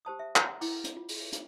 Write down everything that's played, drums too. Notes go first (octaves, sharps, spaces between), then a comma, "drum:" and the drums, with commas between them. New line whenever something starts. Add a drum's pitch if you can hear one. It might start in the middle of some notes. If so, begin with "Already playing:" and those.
G4 C5 A5 D#6
E5
A#4 F#5 A#5 C6, drum: clap
E4 G5 D6, drum: open hi-hat
drum: hi-hat
F4
drum: open hi-hat
drum: hi-hat